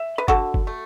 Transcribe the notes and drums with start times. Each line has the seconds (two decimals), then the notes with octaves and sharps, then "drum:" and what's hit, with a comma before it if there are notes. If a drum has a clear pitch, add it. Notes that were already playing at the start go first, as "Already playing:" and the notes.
Already playing: E5
0.18 B4
0.28 D3 F#4 A4, drum: kick
0.54 drum: kick
0.67 A3